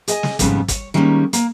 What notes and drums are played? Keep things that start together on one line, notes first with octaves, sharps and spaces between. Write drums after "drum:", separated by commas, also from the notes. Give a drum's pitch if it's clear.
G#4 D#5 G#5, drum: hi-hat
drum: snare
F2 G#2 C#3 G3 B3, drum: kick, hi-hat
C#5, drum: kick, hi-hat
D#3 G3 G#3 A#3 C4 C#4
A#3, drum: hi-hat